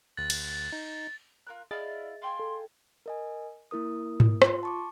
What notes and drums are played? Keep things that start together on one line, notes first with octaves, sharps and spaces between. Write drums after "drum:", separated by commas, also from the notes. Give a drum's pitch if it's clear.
D2 F#6 A6
drum: cymbal
D#4
F4 A#4 F#6
E4 G#4 D5 D#5 F5 A6
F5 G5 G#5 C6
A4
A#4 D#5 G#5
A#3 E4 A#4 D#6
drum: tom G#2
F4 C6, drum: rim click
A5 C#6 D6